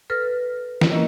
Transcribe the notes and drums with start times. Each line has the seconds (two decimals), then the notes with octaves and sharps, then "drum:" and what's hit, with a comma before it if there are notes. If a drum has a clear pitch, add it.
0.10 A4 B4 F6 A#6
0.81 drum: snare
0.91 A#3 C#4 E4 A#4 D#5